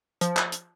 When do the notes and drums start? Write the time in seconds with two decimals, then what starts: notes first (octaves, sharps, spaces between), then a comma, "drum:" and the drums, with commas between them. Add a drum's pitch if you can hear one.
0.21 F3, drum: hi-hat
0.37 drum: clap
0.52 drum: hi-hat